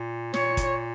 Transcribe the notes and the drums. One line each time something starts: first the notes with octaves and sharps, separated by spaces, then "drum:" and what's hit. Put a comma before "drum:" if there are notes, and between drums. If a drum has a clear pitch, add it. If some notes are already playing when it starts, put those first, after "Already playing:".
Already playing: A#2
A#2 C#5, drum: snare
drum: kick, hi-hat